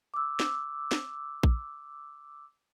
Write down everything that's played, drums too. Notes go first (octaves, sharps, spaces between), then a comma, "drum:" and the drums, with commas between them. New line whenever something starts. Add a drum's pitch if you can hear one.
D6 E6
drum: snare
drum: snare
drum: kick A#1